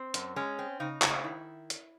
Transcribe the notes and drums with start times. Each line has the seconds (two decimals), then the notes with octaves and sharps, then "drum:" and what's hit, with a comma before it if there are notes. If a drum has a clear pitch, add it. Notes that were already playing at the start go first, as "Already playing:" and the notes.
Already playing: C4
0.14 F#2, drum: hi-hat
0.36 G#3 C#4
0.59 C4
0.80 C#3 D#4
1.02 C#3 E4, drum: clap
1.24 D#3 E4
1.70 drum: hi-hat